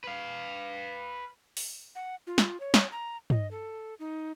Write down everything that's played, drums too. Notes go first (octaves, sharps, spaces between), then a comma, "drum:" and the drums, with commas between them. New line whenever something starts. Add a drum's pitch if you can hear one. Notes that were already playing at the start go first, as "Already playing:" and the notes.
B4 F5
drum: open hi-hat
F#5
F4
drum: snare
C#5
drum: snare
A#5
D#5, drum: tom
A4
D#4